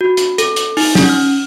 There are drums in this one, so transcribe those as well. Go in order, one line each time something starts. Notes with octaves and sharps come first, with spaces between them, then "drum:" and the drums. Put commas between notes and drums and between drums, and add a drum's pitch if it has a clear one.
F#4
drum: hi-hat
A4, drum: hi-hat
drum: hi-hat
D#4, drum: open hi-hat
C#4, drum: snare
F6